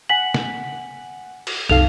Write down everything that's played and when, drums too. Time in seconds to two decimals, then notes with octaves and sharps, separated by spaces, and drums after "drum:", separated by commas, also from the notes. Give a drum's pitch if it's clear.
0.09 F#5 G#5 B6 F#7
0.34 drum: snare
1.47 drum: cymbal
1.70 C2 D#4 A4 F5 F7, drum: tom